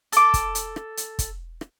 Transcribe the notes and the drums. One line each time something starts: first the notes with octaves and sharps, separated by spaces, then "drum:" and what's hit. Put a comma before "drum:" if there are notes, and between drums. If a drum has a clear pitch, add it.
A4 D6, drum: hi-hat
drum: kick, hi-hat
drum: hi-hat
drum: rim click
drum: hi-hat
drum: kick, hi-hat
drum: rim click